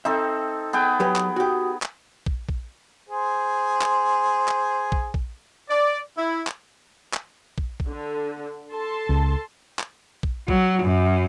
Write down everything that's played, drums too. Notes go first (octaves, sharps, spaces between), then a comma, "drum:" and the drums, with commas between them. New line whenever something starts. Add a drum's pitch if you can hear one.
C4 D#4 A4 E5
B3 G#4 G5
F#3 G4 B4
drum: clap
F#4 G4
drum: clap
drum: kick
drum: kick
G#4 C5
drum: clap
drum: clap
drum: kick
drum: kick
D5
E4
drum: clap
drum: clap
drum: kick
drum: kick
D3
A4 A5 C6
C#2
drum: clap
drum: kick
F#3, drum: kick
F#2